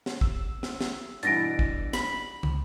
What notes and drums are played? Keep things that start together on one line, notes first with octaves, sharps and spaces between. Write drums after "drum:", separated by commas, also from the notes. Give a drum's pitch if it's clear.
drum: snare
E6, drum: kick
drum: snare
drum: snare
G2 B2 E3 A6 A#6 D7, drum: hi-hat
drum: kick
B5, drum: snare
C#2, drum: tom